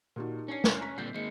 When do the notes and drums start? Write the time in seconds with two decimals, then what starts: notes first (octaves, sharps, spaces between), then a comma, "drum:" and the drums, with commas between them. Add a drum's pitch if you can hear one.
0.16 A#2 D#4 F#4 G4 A#4
0.48 C#4 D4 C#5 C7
0.64 F6 F#6, drum: snare
0.81 A#5 C#6 B6
0.98 A#2 D3 G3 C4 G6 C7
1.14 D#3 G#3 A#3 C#7